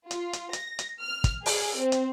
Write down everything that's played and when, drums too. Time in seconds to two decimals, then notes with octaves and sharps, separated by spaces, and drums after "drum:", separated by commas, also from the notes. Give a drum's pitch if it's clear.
0.11 F4, drum: hi-hat
0.33 drum: hi-hat
0.53 A#6, drum: hi-hat
0.79 drum: hi-hat
1.02 F6
1.24 drum: kick, hi-hat
1.46 G#4, drum: open hi-hat
1.77 C4
1.92 drum: hi-hat